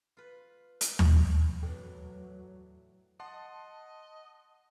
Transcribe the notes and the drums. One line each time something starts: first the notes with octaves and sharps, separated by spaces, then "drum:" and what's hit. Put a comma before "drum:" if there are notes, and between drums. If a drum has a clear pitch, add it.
F4 B4
drum: hi-hat
drum: tom D#2
F2 A2 E3 F#3 D4
D#5 F#5 A5 C6